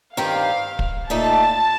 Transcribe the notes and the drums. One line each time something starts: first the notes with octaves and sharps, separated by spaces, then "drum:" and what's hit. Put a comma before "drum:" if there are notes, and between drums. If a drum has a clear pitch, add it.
G2 D#3 G3 C4 G4 F5
drum: kick
A#2 A3 D#4 A4 A5